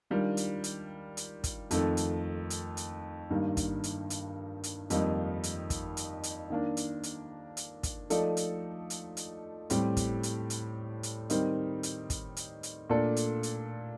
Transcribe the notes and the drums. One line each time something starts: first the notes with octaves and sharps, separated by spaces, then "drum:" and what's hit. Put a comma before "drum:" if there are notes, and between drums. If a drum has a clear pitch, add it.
D#3 G3 D4 F4 A#4
drum: hi-hat
drum: hi-hat
drum: hi-hat
drum: kick, hi-hat
F2 D#3 A3, drum: hi-hat
drum: hi-hat
drum: hi-hat
drum: hi-hat
G2 D#3 G3 A#3
drum: kick, hi-hat
drum: hi-hat
drum: hi-hat
drum: hi-hat
F2 D#3 G3 A#3 D#4, drum: hi-hat
drum: hi-hat
drum: kick, hi-hat
drum: hi-hat
drum: hi-hat
D#3 A#3 D4
drum: hi-hat
drum: hi-hat
drum: hi-hat
drum: kick, hi-hat
F3 A3 D#4 A4 D5, drum: hi-hat
drum: hi-hat
drum: hi-hat
drum: hi-hat
A2 G3 C4 G4, drum: hi-hat
drum: kick, hi-hat
drum: hi-hat
drum: hi-hat
drum: hi-hat
D#3 G3 C4 D#4 A#4, drum: hi-hat
drum: hi-hat
drum: kick, hi-hat
drum: hi-hat
drum: hi-hat
A#2 A3 D4 A4 D5
drum: hi-hat
drum: hi-hat